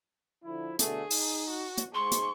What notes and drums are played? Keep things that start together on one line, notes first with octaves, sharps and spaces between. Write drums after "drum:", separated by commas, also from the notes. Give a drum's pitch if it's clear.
D3 F3 E4
B2 D3 A3 G#4, drum: hi-hat
D#4, drum: open hi-hat
F#4
drum: hi-hat
G#2 G#4 C6 C#6
drum: hi-hat